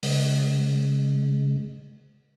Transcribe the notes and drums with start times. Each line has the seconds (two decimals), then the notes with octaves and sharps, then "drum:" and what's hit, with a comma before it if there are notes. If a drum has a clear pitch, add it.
0.03 C#3 G#3, drum: open hi-hat